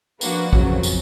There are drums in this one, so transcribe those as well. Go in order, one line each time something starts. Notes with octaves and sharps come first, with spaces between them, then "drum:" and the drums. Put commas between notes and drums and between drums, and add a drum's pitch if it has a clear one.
F3 A#3 D4 F#4 B4, drum: tambourine
F2 C#3 F#3, drum: kick
drum: tambourine